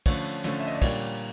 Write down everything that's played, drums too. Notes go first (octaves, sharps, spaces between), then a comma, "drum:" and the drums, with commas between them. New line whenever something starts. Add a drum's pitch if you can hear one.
D3 F3 A3 C#4 C#5, drum: kick, cymbal
D3 F3 A3 C#4, drum: snare
E5
D#5
D5
A#2 G3 A#3 D4 C#5, drum: kick, cymbal